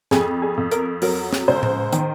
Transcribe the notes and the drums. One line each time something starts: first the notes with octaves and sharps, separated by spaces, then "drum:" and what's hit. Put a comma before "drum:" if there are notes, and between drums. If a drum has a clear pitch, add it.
F2 G#4, drum: snare
G#4
F2
A#4, drum: hi-hat
F#3 A#4, drum: open hi-hat
drum: snare
C#2 C5
drum: tom A2
D#3, drum: hi-hat